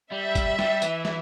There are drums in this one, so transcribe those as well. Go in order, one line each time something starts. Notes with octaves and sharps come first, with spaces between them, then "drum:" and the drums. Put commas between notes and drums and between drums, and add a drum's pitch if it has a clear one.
G3 E5
drum: kick, tambourine
G3, drum: snare
E3, drum: tambourine
drum: snare